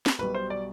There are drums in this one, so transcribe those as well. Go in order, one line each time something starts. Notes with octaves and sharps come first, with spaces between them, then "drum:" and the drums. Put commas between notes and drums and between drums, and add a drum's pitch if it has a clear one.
drum: snare
B1 B2 G3 B4
C5
D5